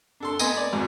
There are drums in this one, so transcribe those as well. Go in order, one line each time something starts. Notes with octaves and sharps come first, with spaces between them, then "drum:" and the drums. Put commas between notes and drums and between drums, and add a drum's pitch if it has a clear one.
D4 A4 C6
B3 D#5 G#5, drum: tambourine
D5
G#1 G#2